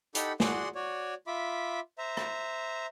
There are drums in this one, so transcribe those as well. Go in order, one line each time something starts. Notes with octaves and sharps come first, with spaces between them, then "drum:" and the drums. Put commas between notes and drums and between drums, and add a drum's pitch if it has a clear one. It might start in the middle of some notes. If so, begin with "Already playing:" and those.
D#4 G4 A4 F#5 B5, drum: hi-hat
F#4 G#4 D5 F#5 C6, drum: snare
F#4 C#5 D5
F4 E5 B5 D6
C5 E5 A#5
drum: rim click